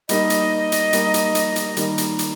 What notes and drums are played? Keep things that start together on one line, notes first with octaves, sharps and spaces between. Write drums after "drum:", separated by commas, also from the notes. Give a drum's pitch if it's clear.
G3 A#3 D#4 D#5, drum: hi-hat
drum: hi-hat
drum: hi-hat
G3 A#3 D#4, drum: hi-hat
drum: hi-hat
drum: hi-hat
drum: hi-hat
D#3 G3 A#3 D#4, drum: hi-hat
drum: hi-hat
drum: hi-hat